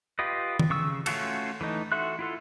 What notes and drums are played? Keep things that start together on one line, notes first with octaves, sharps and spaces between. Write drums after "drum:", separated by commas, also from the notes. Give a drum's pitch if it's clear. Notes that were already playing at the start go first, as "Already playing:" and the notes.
F4 G4 B4 D#5
drum: tom D#3
C#3 C#6 E6
A3 C#4 F4 F#4 A4, drum: cymbal
E3 A3 D#4
F#4 A4 E5 C6 F#6
E4 F4 A4